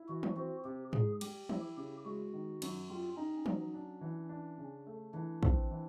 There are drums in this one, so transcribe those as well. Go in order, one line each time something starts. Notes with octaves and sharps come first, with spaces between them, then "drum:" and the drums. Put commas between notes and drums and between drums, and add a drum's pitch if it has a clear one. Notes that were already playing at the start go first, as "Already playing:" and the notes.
Already playing: E4
E3 F#4
drum: tom E3
C4 F#4
C3 G4
G#3 G#4, drum: tom G#2
G3 G4, drum: cymbal
E4, drum: tom E3
C#3 G4
G#3 F#4
D#3
F#2, drum: cymbal
G3 F4
C#4 D#4
F#3 C#4, drum: tom E3
D4
E3
D4
C#3
A3
E3 D4
C4, drum: kick
E3